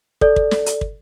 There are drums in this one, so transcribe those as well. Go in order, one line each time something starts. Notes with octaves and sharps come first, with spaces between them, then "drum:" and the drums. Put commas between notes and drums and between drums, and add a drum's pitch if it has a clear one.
A4 D5, drum: kick
drum: kick
drum: snare
drum: hi-hat
drum: kick